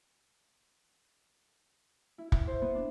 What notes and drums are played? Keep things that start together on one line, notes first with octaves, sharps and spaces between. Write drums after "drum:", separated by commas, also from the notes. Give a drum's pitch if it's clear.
E4
E4, drum: kick
C5
B3
D4